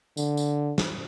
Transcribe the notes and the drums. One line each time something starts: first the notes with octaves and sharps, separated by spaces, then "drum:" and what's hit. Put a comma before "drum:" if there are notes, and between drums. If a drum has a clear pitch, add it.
D3, drum: tambourine
drum: tambourine
drum: snare